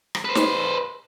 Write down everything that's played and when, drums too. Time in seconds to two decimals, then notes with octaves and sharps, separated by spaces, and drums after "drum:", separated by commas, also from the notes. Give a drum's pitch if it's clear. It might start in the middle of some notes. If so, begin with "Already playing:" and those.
0.15 drum: rim click
0.25 B4 C5
0.35 drum: snare